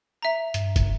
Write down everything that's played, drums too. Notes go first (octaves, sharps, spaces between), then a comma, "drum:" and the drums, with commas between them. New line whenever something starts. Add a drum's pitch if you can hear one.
E5 A#5
G2, drum: hi-hat
drum: kick, hi-hat